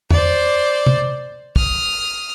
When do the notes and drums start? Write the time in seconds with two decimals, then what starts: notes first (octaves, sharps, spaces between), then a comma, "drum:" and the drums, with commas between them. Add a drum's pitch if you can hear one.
0.10 C5 D5, drum: tom E2
0.86 drum: tom
1.56 D#6 F6, drum: kick